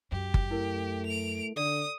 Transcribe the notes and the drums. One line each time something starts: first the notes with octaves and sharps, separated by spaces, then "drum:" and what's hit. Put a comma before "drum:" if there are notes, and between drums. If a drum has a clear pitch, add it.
F#2 G4
drum: kick G1
A3 E4 A#4
D7 F7
D3 A4 D5 D#6